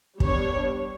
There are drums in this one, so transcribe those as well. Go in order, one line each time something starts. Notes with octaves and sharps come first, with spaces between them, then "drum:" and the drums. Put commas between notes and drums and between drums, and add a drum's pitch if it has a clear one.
G3 B3 D4 C#5, drum: kick